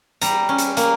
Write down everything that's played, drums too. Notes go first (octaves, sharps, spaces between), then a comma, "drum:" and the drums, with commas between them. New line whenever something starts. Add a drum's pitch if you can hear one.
G3 A#5, drum: hi-hat
C#4
drum: hi-hat
A#3, drum: hi-hat